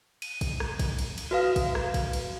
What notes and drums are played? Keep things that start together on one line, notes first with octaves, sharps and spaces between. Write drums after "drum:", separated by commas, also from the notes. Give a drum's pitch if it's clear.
D#7, drum: cymbal
drum: kick, cymbal
drum: rim click
drum: kick, cymbal
drum: cymbal
drum: cymbal
F#4 B4 F5
drum: kick, cymbal
drum: rim click
drum: kick, cymbal
drum: cymbal